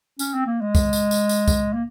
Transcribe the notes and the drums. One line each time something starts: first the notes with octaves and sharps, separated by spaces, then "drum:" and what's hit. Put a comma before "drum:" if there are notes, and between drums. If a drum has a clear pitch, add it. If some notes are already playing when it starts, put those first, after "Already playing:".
C#4, drum: tambourine
C4
A#3
G#3
drum: kick C2, tambourine
drum: tambourine
drum: tambourine
drum: tambourine
drum: kick C2, tambourine
A#3